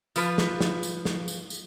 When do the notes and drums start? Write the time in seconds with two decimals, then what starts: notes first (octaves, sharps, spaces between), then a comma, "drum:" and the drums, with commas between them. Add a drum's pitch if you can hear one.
0.16 F3 F4 B4, drum: tambourine
0.38 drum: snare
0.61 drum: snare
0.83 drum: tambourine
1.05 drum: snare
1.28 drum: tambourine
1.50 drum: tambourine